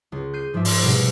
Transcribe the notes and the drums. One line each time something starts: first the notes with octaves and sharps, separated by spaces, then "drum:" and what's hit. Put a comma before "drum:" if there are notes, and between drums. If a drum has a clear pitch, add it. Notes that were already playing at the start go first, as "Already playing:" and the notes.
C#2
G6 C7 D#7
G#2 F3 G#3 D5 E5
C6, drum: open hi-hat
C2 B2 G#3 A3 B6